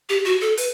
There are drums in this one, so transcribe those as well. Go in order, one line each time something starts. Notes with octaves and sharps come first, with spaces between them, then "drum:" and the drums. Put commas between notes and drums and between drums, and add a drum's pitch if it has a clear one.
G4
F#4
A4
B4, drum: hi-hat